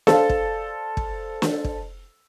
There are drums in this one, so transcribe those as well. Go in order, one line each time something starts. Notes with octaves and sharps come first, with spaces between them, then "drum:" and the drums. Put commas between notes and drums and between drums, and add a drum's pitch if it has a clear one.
A4 C5 D5 F5, drum: snare
drum: kick
drum: kick
drum: snare
drum: kick